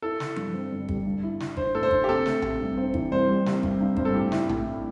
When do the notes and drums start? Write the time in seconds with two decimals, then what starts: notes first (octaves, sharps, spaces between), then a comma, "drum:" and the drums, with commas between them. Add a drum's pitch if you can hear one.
0.02 E4 A4
0.20 E4, drum: snare
0.36 G2, drum: tom F3
0.54 C4
0.71 G1
0.88 G3, drum: kick G1
1.06 G2
1.23 E4
1.40 E4, drum: snare
1.57 D4 C5, drum: kick G1
1.74 A1 A4
1.83 C5
1.91 D4, drum: kick G1
2.04 G4
2.09 C3 A4
2.26 A3, drum: snare
2.42 C3, drum: tom A#1
2.60 G2
2.77 C4
2.94 E3, drum: kick G1
3.12 C2 C5
3.29 G3
3.46 C3, drum: snare
3.63 G2, drum: kick G1
3.81 G2
3.96 G2 C5, drum: kick G1
4.05 A4
4.14 A2 G4
4.32 E4, drum: snare
4.49 A2, drum: tom A#1